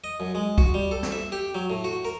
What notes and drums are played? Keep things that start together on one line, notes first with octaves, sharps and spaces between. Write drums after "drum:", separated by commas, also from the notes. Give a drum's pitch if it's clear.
D#5
F#2
G#3
F#4, drum: kick
G3
A4
drum: snare
E5
G4
F#3
A2
F#4
A#4